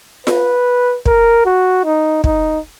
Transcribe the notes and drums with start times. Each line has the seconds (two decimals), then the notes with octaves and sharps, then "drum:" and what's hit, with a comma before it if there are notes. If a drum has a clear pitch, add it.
0.27 B4, drum: snare F4
1.06 A#4, drum: kick
1.45 F#4
1.85 D#4
2.24 D#4, drum: kick